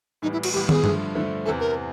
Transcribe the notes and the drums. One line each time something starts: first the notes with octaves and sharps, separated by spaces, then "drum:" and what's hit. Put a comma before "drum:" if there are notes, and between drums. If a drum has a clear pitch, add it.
A2 E3 G3 B3 D#4
E4
F#4, drum: cymbal
A2 E3 G3 B3 G4
G#4, drum: tom
G2 D3 F3 A3, drum: tom G2
G2 D3 F3 A3
E2 C3 E3 A4
A#4